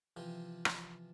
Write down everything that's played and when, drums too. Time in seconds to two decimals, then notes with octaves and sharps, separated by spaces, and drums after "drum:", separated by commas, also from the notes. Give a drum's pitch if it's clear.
0.17 C3 E3 F3 F4
0.65 drum: rim click